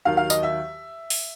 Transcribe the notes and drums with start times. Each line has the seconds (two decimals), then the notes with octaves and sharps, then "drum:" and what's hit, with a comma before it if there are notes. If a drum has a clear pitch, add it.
0.05 D#2 D#3 F#3 F5
0.17 F5
0.30 D#5, drum: tambourine
0.43 E5
1.10 drum: open hi-hat